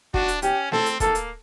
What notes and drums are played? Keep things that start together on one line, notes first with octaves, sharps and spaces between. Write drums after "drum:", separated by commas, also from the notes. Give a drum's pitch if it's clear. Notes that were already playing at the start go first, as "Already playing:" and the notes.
D4 F#4, drum: kick
drum: hi-hat
C#4 G4, drum: hi-hat
C4 A4, drum: snare
drum: hi-hat
A#3 A4, drum: kick, hi-hat
drum: hi-hat